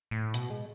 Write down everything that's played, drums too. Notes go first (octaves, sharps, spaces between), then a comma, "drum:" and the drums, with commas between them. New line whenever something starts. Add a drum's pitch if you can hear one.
A2
B2, drum: hi-hat
G#3